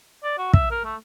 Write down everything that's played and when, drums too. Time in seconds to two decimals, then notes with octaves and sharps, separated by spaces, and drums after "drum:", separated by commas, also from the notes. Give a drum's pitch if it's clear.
0.24 D5
0.38 F#4
0.53 E5, drum: kick
0.71 A#4
0.85 A3